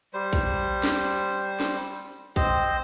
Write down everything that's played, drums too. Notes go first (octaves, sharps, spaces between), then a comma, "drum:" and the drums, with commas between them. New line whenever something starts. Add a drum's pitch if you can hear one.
G3 C5
drum: kick A#1
drum: snare
drum: snare
C4 C5 D#5, drum: kick A#1